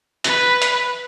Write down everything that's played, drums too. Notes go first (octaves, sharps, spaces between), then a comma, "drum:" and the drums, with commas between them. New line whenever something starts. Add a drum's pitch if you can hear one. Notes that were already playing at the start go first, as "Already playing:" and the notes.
B4, drum: hi-hat
drum: hi-hat